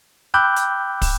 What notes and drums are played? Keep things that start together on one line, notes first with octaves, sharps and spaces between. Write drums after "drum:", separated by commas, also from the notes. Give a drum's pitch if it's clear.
G5 B5 D6 E6 F#6 G6
drum: hi-hat
drum: kick, open hi-hat